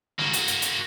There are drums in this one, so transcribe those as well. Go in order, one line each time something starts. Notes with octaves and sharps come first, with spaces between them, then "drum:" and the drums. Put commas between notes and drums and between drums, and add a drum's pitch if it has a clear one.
A#3 F#4, drum: snare
drum: hi-hat
drum: hi-hat
drum: hi-hat